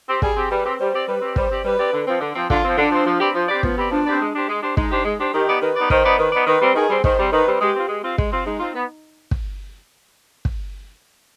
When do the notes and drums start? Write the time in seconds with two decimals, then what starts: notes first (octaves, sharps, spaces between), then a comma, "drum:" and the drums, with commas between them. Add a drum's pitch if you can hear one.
0.09 C4 G4
0.22 G3 G#4, drum: kick
0.37 C4 G4
0.51 G3 B4
0.65 C4 G4
0.79 G3 C5
0.94 C4 G4 D5
1.07 G3 B4
1.21 C4 G4 D5
1.36 G3 C5, drum: kick
1.50 C4 G4 D5
1.64 G3 B4
1.79 C4 G4 D5
1.93 D3
2.07 F3 C4
2.21 D3
2.36 F3 C4
2.50 D3 F4, drum: kick
2.65 F3 C4
2.78 D3 D4
2.92 F3 C4
3.06 F3
3.20 C4 G4 B4 D5
3.35 F3
3.49 C4 G4 B4 D5
3.63 F3 B3, drum: kick
3.77 C4 G4 B4 D5
3.91 F3 D4
4.06 C4 G4 B4 D5
4.21 G#3
4.34 D4 G4 C5
4.49 G#3
4.62 D4 G4 C5
4.77 G#3 D#4, drum: kick
4.91 D4 G4 C5
5.05 G#3
5.19 D4 G4 C5
5.34 D#3 G4
5.48 B3 D#4 B4 D5
5.62 D#3 B4
5.76 B3 D#4 B4 D5
5.90 D#3 C5, drum: kick
6.05 B3 D#4 B4 D5
6.19 D#3 B4
6.33 B3 D#4 B4 D5
6.47 D#3 B4
6.61 G3 C4
6.75 D#3 G#4
6.89 G3 C4
7.04 D#3 C5, drum: kick
7.19 G3 C4
7.32 D#3 B4
7.47 G3 C4
7.61 G#3 G4
7.76 C4 F4
7.89 G#3
8.04 C4 F4
8.18 G#3, drum: kick
8.32 C4 F4
8.46 G#3 D#4
8.60 C4 F4
8.75 B3
9.31 drum: kick
10.45 drum: kick